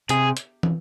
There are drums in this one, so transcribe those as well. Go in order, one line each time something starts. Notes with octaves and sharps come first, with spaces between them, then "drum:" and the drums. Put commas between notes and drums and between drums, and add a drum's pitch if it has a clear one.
C3 G#4, drum: hi-hat
drum: hi-hat
drum: tom